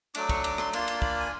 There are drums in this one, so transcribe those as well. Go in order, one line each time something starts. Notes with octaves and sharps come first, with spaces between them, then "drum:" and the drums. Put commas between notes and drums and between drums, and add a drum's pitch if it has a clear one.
F#3 A3 D4 D6, drum: cymbal
C#6, drum: kick, cymbal
D6, drum: cymbal
C6, drum: rim click
A#3 D4 F4 C6, drum: cymbal
drum: cymbal
B5, drum: kick
G#5